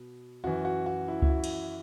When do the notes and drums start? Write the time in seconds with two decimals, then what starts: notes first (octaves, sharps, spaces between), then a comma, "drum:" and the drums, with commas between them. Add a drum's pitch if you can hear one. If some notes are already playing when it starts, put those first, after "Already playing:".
Already playing: B2
0.44 F#2 E3 F#4
0.65 F#4
0.86 F#4
1.08 E4
1.22 E4, drum: kick C#2
1.29 F#4
1.44 drum: cymbal